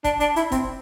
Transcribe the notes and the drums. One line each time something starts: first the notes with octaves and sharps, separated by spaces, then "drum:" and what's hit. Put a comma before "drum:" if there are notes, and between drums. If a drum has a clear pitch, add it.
D4, drum: kick F1, hi-hat
D4, drum: hi-hat
E4, drum: hi-hat
C4, drum: kick F1, hi-hat